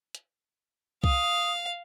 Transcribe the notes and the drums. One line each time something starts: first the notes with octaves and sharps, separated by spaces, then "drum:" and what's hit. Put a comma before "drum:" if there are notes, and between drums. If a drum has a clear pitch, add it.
drum: hi-hat
F5 D#6, drum: kick C2